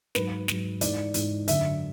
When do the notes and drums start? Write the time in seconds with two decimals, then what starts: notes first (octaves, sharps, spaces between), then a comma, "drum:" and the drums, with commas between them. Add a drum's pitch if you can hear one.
0.15 G#2 F#3 B4, drum: snare
0.48 G#2 F#3, drum: snare
0.81 G#2 E3 D5, drum: hi-hat
1.14 G#2 E3, drum: hi-hat
1.48 F#2 D3 F#3 E5, drum: hi-hat